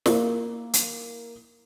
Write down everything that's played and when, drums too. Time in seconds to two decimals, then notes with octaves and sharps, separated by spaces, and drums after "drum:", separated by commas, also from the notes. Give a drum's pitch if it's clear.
0.06 A#3 E4, drum: snare
0.73 drum: hi-hat